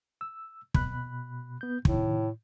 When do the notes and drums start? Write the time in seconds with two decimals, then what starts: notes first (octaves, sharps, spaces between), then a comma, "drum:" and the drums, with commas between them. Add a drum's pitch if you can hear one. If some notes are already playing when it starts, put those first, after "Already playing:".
0.21 E6
0.74 B2 B5 F#6, drum: kick
1.61 B3 G6
1.85 A2 C3 D#3, drum: kick